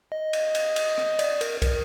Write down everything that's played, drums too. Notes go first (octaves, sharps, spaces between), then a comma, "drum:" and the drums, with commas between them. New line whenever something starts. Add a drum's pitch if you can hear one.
D#5
drum: cymbal
drum: cymbal
drum: cymbal
drum: rim click
D5, drum: cymbal
A#4, drum: cymbal
A#4, drum: kick, cymbal